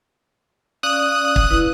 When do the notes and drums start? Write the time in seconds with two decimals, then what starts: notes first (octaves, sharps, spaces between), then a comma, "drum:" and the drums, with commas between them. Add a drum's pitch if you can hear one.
0.83 C#4 D5 F5 D#6 F#6
1.36 drum: kick
1.50 E4 B4